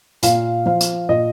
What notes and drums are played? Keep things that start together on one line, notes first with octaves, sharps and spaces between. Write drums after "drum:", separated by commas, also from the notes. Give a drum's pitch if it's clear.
A#2 F5, drum: hi-hat
F3 F5
drum: hi-hat
A#2 D#5